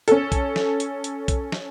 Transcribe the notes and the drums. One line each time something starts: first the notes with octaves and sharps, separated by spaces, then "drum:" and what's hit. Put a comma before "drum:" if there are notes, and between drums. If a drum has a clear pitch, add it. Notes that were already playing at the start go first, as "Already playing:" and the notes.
C#4 A4, drum: hi-hat
drum: kick B1, hi-hat
drum: snare
drum: hi-hat
drum: hi-hat
drum: kick B1, hi-hat
drum: snare